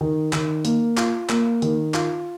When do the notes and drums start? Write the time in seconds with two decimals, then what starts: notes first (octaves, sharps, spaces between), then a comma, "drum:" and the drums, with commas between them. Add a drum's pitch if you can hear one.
0.01 D#3
0.33 D#3, drum: clap
0.65 A#3, drum: hi-hat
0.97 F4, drum: clap
1.29 A#3, drum: clap
1.62 D#3, drum: hi-hat
1.94 F4, drum: clap